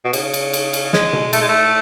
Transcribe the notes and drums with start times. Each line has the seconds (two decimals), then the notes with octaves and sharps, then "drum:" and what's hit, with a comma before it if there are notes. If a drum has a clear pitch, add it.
0.04 B2
0.13 C#3, drum: cymbal
0.34 drum: cymbal
0.53 drum: cymbal
0.73 drum: cymbal
0.93 G#3, drum: snare
1.13 drum: tom B2
1.33 A3, drum: cymbal
1.41 G#3
1.49 A3